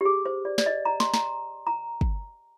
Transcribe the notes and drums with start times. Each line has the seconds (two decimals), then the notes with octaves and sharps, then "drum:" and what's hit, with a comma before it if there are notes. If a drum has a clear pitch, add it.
0.01 G4
0.05 G#4
0.26 C5
0.45 D5
0.58 D5, drum: snare
0.66 D#5
0.85 A#5
1.00 C6, drum: snare
1.14 A#5, drum: snare
1.67 A#5
2.01 drum: kick